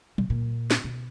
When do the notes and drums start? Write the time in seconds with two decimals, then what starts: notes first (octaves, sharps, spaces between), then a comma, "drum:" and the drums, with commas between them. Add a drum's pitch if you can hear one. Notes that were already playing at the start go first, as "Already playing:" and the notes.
0.18 B2, drum: tom F#3
0.30 A#2
0.71 drum: snare
0.84 B2